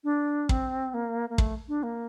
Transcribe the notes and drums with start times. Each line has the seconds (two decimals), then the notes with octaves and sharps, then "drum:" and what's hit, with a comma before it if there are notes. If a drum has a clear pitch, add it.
0.04 D4
0.49 C4, drum: kick
0.94 A#3
1.30 A#3
1.38 A3, drum: kick
1.68 D4
1.83 A#3